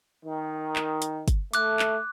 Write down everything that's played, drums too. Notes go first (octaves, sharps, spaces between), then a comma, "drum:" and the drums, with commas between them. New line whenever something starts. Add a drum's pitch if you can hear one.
D#3
drum: clap
drum: hi-hat
drum: kick, hi-hat
A3 D6 F#6, drum: hi-hat
drum: clap